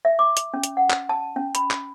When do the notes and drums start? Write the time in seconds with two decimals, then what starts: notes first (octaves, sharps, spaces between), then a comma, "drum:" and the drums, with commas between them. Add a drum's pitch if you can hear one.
0.05 E5
0.19 D6
0.37 drum: hi-hat
0.54 C#4
0.63 drum: hi-hat
0.77 F#5
0.90 drum: clap
1.09 A5
1.36 C#4
1.55 B5, drum: hi-hat
1.71 drum: clap